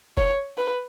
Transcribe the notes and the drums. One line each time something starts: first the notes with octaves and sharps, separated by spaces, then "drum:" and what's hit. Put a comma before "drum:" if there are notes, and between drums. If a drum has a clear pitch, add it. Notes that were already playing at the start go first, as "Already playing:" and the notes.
C#5, drum: kick F1
B4